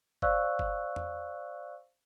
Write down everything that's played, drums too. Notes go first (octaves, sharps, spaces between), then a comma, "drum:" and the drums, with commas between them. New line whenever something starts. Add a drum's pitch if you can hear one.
C5 D5 F5 C#6 E6 F#6, drum: kick
drum: kick
drum: tom E2